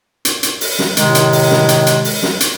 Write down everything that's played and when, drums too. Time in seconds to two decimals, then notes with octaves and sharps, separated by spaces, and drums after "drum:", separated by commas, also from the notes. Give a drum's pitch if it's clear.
0.25 drum: hi-hat
0.43 drum: hi-hat
0.61 drum: open hi-hat
0.79 drum: snare
0.97 A2 C3 D#3 G#3, drum: hi-hat
1.15 drum: hi-hat
1.33 drum: open hi-hat
1.51 drum: snare
1.69 drum: hi-hat
1.87 drum: hi-hat
2.05 drum: open hi-hat
2.23 drum: snare
2.40 drum: hi-hat